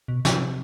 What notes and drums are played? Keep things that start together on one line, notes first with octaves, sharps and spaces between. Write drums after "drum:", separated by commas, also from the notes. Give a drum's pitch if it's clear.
B2
C3, drum: snare